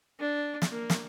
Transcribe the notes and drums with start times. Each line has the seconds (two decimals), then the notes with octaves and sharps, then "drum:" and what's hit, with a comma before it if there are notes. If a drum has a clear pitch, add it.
0.20 D4
0.62 drum: snare
0.71 A#3
0.90 drum: snare